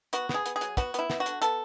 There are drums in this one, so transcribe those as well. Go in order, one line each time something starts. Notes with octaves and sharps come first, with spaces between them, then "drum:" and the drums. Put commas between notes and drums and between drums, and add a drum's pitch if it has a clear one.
B3 F#4, drum: hi-hat
B3, drum: snare
G#4
B3, drum: hi-hat
G#4
F#3, drum: hi-hat
B3 F#4, drum: kick, hi-hat
B3 E4, drum: hi-hat
B3, drum: snare
F#4
D3, drum: hi-hat
B3 A4, drum: hi-hat